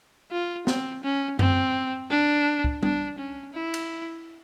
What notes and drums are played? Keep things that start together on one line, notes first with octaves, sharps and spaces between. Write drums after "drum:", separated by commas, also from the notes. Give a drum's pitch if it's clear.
F4
C4, drum: snare
C#4
C4, drum: tom F#2
D4
drum: kick C#2
D4, drum: tom G3
C#4
E4
drum: cymbal